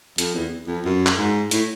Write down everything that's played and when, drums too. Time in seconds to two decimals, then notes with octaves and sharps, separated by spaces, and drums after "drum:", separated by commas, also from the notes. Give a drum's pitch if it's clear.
0.18 F2, drum: hi-hat
0.34 E2
0.67 F2
0.85 F#2
1.06 drum: clap
1.18 G#2
1.51 A2, drum: hi-hat